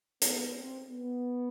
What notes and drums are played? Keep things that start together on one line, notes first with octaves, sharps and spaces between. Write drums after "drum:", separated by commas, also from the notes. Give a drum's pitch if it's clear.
B3, drum: hi-hat
C4
B3